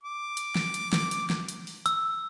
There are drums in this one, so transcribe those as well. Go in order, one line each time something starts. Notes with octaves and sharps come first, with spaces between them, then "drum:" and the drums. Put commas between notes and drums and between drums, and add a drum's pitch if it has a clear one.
D6
drum: hi-hat
drum: snare
drum: hi-hat
drum: snare
drum: hi-hat
drum: snare
drum: hi-hat
drum: open hi-hat
E6, drum: hi-hat